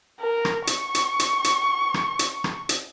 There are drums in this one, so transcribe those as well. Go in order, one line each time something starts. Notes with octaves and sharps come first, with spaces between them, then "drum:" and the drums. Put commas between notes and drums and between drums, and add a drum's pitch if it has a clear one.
A#4
drum: rim click
C#6, drum: hi-hat
drum: hi-hat
drum: hi-hat
drum: hi-hat
drum: rim click
drum: hi-hat
drum: rim click
drum: hi-hat